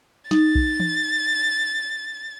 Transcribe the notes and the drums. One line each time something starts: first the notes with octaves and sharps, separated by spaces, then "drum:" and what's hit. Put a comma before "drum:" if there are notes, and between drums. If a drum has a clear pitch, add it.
D#4 A6, drum: snare
drum: kick B1
drum: tom E3